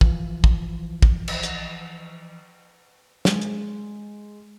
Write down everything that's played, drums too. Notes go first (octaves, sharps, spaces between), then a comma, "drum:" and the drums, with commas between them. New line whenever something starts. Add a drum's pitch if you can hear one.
E3 F3, drum: kick
drum: kick
drum: kick
drum: cymbal
drum: hi-hat
G#3, drum: snare
drum: hi-hat